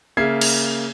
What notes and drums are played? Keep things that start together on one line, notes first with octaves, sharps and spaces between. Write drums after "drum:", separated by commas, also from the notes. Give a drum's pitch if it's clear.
C#3 A#3 E5 G#6 C7
drum: cymbal